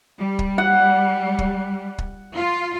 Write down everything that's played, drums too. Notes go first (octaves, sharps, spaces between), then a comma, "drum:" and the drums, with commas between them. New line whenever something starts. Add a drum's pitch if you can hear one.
G3
drum: kick
F#5
drum: kick
drum: kick
F4